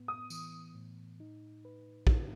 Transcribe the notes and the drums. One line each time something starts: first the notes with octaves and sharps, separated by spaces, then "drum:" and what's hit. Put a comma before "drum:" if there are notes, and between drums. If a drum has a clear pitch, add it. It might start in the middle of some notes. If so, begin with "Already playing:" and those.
Already playing: A2 B3
D#6
E3, drum: tambourine
A2
D#4
B4
drum: kick A#1